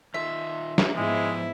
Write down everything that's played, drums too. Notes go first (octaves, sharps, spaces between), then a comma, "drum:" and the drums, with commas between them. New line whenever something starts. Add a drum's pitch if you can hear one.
D#3 F4 E5
drum: snare
G#2 F3 G3 G#3 B3 E4